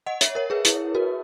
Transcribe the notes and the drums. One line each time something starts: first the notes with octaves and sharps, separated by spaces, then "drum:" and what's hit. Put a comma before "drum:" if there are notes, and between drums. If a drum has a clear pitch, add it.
D#5 F#5
C#5 E5, drum: hi-hat
A#4 C#5
G#4 B4
E4 G#4, drum: hi-hat
F#4 A#4